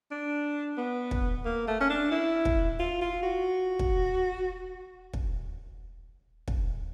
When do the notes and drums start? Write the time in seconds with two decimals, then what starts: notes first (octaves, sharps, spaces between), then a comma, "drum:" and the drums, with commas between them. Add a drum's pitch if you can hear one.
0.11 D4
0.78 B3
1.11 drum: kick
1.45 A#3
1.68 A3
1.81 C#4
1.90 D4
2.11 E4
2.45 drum: kick
2.79 F4
3.02 F4
3.23 F#4
3.79 drum: kick
5.13 drum: kick
6.47 drum: kick